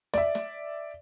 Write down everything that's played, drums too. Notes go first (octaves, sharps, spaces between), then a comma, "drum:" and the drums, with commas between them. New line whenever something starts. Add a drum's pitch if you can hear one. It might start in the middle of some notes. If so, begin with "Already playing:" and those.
D5 E5, drum: snare
drum: snare